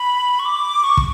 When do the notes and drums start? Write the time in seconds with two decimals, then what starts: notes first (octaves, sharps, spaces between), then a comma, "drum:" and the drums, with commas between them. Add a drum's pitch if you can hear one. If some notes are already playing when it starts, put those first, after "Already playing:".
Already playing: B5
0.39 C#6
0.45 D6
0.84 C#6
0.97 drum: kick